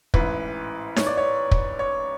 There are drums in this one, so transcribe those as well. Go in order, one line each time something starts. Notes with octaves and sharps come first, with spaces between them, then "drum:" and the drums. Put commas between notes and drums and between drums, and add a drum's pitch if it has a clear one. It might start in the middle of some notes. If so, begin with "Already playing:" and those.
A1 G#2 E3 B4, drum: kick
C#5, drum: snare D#4
D5
C#5
drum: kick
C#5